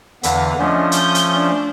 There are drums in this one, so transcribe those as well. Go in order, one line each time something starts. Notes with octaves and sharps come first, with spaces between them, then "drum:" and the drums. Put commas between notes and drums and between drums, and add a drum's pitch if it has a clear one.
E2 D3 E3 B4 F5 F#5, drum: hi-hat
F3 A3 C#4 D4 D#5
D#6 G6, drum: hi-hat
drum: hi-hat
D4